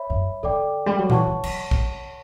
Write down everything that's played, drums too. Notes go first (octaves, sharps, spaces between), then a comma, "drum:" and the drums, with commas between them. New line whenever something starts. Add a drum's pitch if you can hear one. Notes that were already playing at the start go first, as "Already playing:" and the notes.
Already playing: C#5 E5 B5
F#2
D3 A4 D5 G5 D6
G3
F#3
E3 C#5 F#5 A5 C#6, drum: tom A#2
E3
F#3, drum: cymbal
drum: kick